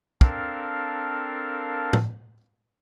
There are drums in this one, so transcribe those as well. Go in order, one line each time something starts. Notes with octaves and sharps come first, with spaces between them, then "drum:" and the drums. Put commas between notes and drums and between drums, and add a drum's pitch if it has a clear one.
C4 D4 A4 A#4 F5, drum: kick
drum: tom A2